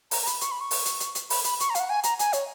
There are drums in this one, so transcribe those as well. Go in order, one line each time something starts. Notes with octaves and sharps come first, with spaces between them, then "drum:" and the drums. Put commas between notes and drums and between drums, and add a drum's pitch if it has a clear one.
A#5, drum: open hi-hat
A#5
B5, drum: hi-hat
C#6, drum: hi-hat
B5
C#6
drum: open hi-hat
drum: hi-hat
drum: hi-hat
drum: hi-hat
B5, drum: open hi-hat
B5, drum: hi-hat
C#6, drum: hi-hat
A#5
F5, drum: hi-hat
F#5
G#5
A#5, drum: hi-hat
G#5, drum: hi-hat
C#5, drum: hi-hat